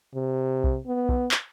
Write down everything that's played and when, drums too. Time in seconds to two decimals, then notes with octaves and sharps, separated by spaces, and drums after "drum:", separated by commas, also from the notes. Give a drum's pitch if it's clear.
0.15 C3
0.64 drum: kick
0.86 B3
1.09 drum: kick
1.31 drum: clap